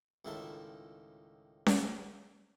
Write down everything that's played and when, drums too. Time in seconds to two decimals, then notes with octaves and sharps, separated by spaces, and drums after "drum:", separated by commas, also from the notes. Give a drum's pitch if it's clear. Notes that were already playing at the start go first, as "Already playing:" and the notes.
0.25 C#2 A2 D#3 E4 F4 A5
1.66 drum: snare C#4